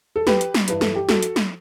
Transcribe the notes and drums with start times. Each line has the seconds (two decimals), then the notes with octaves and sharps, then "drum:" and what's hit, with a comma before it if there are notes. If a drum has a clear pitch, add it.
0.16 A4
0.27 G4 B4, drum: snare
0.41 drum: hi-hat
0.54 drum: snare
0.68 G2 E3 B4, drum: hi-hat
0.81 A4, drum: snare
0.95 G4
1.09 F#4 A4, drum: snare
1.22 drum: hi-hat
1.36 drum: snare